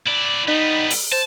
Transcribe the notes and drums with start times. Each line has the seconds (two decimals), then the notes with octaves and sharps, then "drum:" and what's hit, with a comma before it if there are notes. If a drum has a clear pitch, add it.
0.06 E4 D5
0.48 G3 B3 D#4
0.90 drum: open hi-hat
1.12 C5 A5